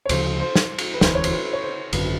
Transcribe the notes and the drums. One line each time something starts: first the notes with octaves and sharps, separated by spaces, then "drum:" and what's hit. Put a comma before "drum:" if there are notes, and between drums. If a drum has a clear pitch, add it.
C#5
D2 C#3 F3 C5, drum: cymbal
C5
drum: snare
drum: cymbal
B4
E1 D2 C#3 E3 C5, drum: snare
C#5
C5, drum: cymbal
B4
C#5
C5
G#1 F#2 D3 B4, drum: cymbal